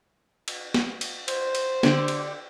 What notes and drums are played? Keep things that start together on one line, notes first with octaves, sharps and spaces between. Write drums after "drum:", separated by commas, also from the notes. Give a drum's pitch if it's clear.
drum: cymbal
drum: snare
drum: cymbal
C5, drum: cymbal
drum: cymbal
D3 G4, drum: snare
drum: cymbal